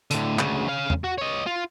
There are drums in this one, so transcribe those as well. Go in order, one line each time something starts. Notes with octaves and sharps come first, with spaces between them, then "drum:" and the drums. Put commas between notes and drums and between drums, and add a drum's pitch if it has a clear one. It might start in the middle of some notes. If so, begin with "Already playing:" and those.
A2 D3, drum: hi-hat
D2 C#3, drum: clap
C#4 F5
drum: tom
F#4
C#5 D#5
F4